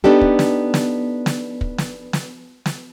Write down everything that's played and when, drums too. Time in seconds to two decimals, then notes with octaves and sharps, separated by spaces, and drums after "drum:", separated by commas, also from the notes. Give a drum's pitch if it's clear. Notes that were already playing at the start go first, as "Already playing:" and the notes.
0.04 B3 D4 D#4 G4 A4
0.21 drum: kick
0.39 drum: snare
0.74 drum: snare
1.26 drum: snare
1.61 drum: kick
1.78 drum: snare
2.13 drum: snare
2.66 drum: snare